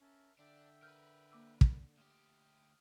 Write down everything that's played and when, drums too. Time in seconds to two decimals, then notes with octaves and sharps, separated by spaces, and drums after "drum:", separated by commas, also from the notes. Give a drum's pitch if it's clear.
0.01 C#4 A#4 E5 A5
0.39 D3 D4 E5 G5
0.82 A#4 B4 F6 G6
1.32 A#3 D6 E6
1.61 drum: kick
1.98 D2 G4 D#6 F6